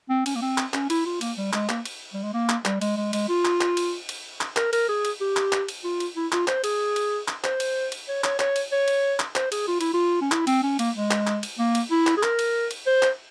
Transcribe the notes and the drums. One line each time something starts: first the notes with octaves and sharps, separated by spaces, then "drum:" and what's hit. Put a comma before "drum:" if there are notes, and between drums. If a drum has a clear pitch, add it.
C4
C#4, drum: cymbal
A#3
C4
drum: clap
C#4, drum: clap
E4, drum: cymbal
F4
A#3, drum: cymbal
G3
G#3, drum: clap
A#3, drum: clap
drum: cymbal
G3
G#3
A#3
drum: clap
G3, drum: clap
G#3, drum: cymbal
G#3
G#3, drum: cymbal
F4
drum: clap
drum: clap
drum: cymbal
drum: cymbal
drum: clap
A#4, drum: clap
A#4, drum: cymbal
G#4
drum: cymbal
G4
drum: clap
drum: clap
drum: cymbal
F4
drum: cymbal
E4
F4, drum: clap
C5, drum: clap
G#4, drum: cymbal
drum: cymbal
drum: clap
C5, drum: clap
drum: cymbal
drum: cymbal
C#5
C#5, drum: clap
C#5, drum: clap
drum: cymbal
C#5
drum: cymbal
drum: clap
C5, drum: clap
G#4, drum: cymbal
F4
E4, drum: cymbal
F4
C#4
E4, drum: clap
C4, drum: cymbal
C#4
A#3, drum: cymbal
G#3
drum: clap
drum: clap
drum: cymbal
A#3
drum: cymbal
E4
drum: clap
G#4
A#4, drum: clap
drum: cymbal
drum: cymbal
C5
drum: clap